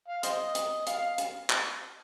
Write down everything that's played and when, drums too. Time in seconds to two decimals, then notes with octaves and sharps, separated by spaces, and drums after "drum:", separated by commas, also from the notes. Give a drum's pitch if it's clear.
0.08 F5
0.23 C5 D#5, drum: hi-hat
0.55 drum: hi-hat
0.87 F5, drum: hi-hat
0.97 F5
1.18 drum: hi-hat
1.50 drum: clap